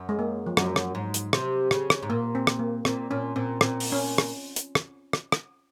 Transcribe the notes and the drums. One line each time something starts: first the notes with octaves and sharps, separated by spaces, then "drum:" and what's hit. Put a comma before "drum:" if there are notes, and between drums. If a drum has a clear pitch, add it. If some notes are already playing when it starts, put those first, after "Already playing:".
Already playing: F#2
G#3
A#3
F3
F#2 F#3, drum: rim click
drum: rim click
G#2
drum: hi-hat
C3, drum: rim click
C#3, drum: rim click
drum: rim click
G#2
A#2 A#3
C4
drum: rim click
A#3
A#2 C4, drum: rim click
A#2 C#4
A#2 C4
A#2 C4, drum: rim click
drum: open hi-hat
C#4
drum: rim click
drum: hi-hat
drum: rim click
drum: rim click
drum: rim click